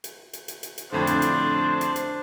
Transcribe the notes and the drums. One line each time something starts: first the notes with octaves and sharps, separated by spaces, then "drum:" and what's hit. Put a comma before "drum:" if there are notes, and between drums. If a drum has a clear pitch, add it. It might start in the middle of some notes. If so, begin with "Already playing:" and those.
drum: hi-hat
drum: hi-hat
drum: hi-hat
drum: hi-hat
drum: hi-hat
F2 A2 D3 D4 C5
drum: hi-hat
drum: hi-hat
drum: hi-hat
drum: hi-hat